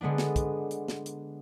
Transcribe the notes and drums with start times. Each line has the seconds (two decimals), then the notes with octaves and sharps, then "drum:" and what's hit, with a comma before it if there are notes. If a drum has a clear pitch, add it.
0.01 D3 G#3 B3 D4
0.18 drum: snare
0.36 drum: kick, hi-hat
0.71 drum: hi-hat
0.88 drum: snare
1.06 drum: hi-hat